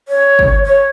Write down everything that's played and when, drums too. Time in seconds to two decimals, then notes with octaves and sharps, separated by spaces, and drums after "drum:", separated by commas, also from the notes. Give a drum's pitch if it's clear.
0.08 C#5
0.39 drum: kick
0.64 C#5